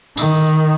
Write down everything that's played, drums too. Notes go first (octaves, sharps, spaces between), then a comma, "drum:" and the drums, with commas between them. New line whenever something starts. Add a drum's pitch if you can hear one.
D#3, drum: tambourine